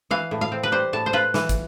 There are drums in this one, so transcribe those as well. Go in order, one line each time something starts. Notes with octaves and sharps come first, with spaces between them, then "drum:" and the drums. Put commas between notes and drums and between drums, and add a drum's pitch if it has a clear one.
E3 F5
A2
F5
C4
B4
G3 C5
A2 A5
C5
F4 B4
E3, drum: snare
drum: kick, hi-hat